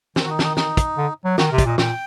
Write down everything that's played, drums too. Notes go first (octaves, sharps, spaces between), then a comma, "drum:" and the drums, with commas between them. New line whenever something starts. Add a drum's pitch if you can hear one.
D#3 C4, drum: snare
F#4
D#4
D4, drum: snare
D#4
D#4, drum: snare
drum: kick, hi-hat
D3
F#3
D#3 F#4, drum: snare
A#4
C3
D5, drum: kick, hi-hat
A#2 D#5
A#2 G5, drum: snare